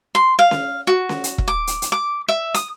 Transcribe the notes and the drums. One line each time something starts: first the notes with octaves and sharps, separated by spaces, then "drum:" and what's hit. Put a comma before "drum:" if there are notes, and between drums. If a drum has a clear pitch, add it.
C6
F5
drum: snare C#4
F#4
drum: snare C#4
drum: hi-hat
drum: kick E1
D6
drum: hi-hat
drum: hi-hat
D6
E5
D#6, drum: hi-hat